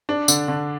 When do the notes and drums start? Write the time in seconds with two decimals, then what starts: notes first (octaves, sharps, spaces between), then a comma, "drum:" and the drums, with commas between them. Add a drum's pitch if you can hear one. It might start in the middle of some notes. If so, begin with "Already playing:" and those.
0.09 D4
0.28 D3, drum: tambourine
0.48 D3